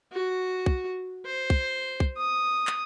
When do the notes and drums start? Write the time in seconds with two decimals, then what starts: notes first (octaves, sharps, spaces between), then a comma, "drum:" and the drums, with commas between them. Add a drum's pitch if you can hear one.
0.13 F#4
0.66 drum: kick
1.26 C5
1.50 drum: kick
2.00 drum: kick
2.17 D#6
2.67 drum: clap